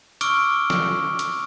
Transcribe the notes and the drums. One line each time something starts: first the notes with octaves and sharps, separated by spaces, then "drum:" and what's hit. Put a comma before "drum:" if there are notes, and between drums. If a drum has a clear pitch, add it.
C#6 D6 E6 F6 D7 G7, drum: hi-hat
drum: snare
drum: hi-hat